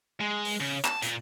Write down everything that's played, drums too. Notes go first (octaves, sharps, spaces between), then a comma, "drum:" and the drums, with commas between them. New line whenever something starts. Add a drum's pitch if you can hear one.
G#3
drum: open hi-hat
C#3
A5, drum: clap
A#2, drum: hi-hat